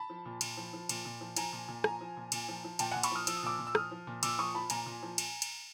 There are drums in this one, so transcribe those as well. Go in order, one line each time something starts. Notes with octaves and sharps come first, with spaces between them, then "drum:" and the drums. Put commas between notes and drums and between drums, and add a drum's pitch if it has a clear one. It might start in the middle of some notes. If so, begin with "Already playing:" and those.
Already playing: A5 B5
F3
A#2
A#2, drum: cymbal
F3
F3
A#2, drum: cymbal
A#2
F3
F3 G#5 A#5, drum: cymbal
A#2
A#2
F3 G#5 A#5, drum: rim click
F3
A#2
A#2, drum: cymbal
F3
F3
A#2 G5 A5, drum: cymbal
A#2 F#5 G#5
B5 C#6, drum: cymbal
F3 D#6 F6
F3 E6, drum: cymbal
D#6
A#2 D6 E6
A#2
E6
F3 D#6 F6, drum: rim click
F3
A#2
A#2 D6 E6, drum: cymbal
F3 C#6 D#6
F3 A5 B5
A#2 G#5 A#5, drum: cymbal
A#2
F3
drum: cymbal
drum: cymbal